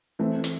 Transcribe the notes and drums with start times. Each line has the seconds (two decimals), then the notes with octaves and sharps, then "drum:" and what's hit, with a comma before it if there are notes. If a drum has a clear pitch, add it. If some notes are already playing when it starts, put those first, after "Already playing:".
0.19 E3 A3 C4 E4
0.44 drum: hi-hat